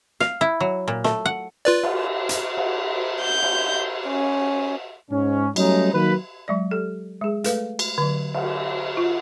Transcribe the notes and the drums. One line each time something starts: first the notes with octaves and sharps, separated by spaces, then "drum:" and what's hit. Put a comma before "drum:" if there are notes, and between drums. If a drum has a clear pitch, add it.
F5, drum: snare
E4
F#3
A#2
A3, drum: snare
F#5
F4 B4 D5
drum: cymbal
drum: hi-hat
drum: cymbal
G6
drum: cymbal
C#4
G#2 C#4
F#3 G3 A3 C#4 D#4, drum: cymbal
D#3 F#3 A#3 D#4 B4
F#3 G#3 D5
G4 A4
G#3 G#4
A3 A4 B4 F5, drum: hi-hat
drum: cymbal
D3 F#3
drum: cymbal
F4